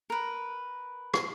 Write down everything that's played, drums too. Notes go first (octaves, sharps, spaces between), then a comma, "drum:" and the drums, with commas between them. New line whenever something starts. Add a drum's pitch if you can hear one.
A#4 B4
drum: rim click